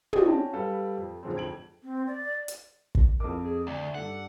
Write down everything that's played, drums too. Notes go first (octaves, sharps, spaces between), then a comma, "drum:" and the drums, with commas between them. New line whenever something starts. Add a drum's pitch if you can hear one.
C4 F#4 G4 D5 D#5, drum: tom
C#4 F#4 G5 A5
G3 G4 A4 B4 F5
F2
G#2 D3 F3 G#3 C4
D1 F2 G#6 D7 F#7
C4
D5
drum: hi-hat
drum: kick
F2 A#4 D6
G#4
D2 D5 A#5
G2 D4 A4 F#5